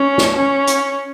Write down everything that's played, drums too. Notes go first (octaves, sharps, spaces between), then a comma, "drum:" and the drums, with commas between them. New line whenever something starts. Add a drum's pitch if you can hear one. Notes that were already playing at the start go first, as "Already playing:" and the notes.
Already playing: C#4
drum: snare
C#4
drum: hi-hat